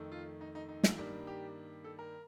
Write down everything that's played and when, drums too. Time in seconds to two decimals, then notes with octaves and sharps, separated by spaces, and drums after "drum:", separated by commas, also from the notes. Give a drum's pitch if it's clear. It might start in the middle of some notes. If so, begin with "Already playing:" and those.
Already playing: F2 D#3 A3
0.12 F4
0.41 D#4
0.55 D#4
0.69 D#4
0.83 drum: snare
0.98 G2 D#3 G3 A#3
1.27 G4
1.84 A4
1.99 A#4